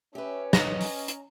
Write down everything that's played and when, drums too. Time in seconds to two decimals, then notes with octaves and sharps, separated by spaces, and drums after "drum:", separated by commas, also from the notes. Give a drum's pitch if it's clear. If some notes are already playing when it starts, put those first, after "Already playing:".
0.15 C#4 G4 B4 E5
0.53 D#5 A#5, drum: snare
0.81 drum: open hi-hat
1.08 drum: hi-hat